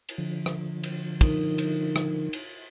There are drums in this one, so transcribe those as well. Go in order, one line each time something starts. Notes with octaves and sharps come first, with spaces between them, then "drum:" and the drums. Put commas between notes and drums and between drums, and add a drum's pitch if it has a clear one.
drum: cymbal
D3 F3
drum: rim click
drum: cymbal
D#4 A#4, drum: kick, cymbal
drum: cymbal
drum: rim click
drum: cymbal